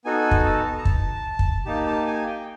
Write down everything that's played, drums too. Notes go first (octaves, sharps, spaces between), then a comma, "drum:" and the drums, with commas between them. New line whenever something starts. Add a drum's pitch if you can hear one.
B3 D#4 F#4 A4 G#5
drum: kick
A5
A#5
A5, drum: kick
drum: kick
A#3 D#4 G4 A5
A5
G#5
G5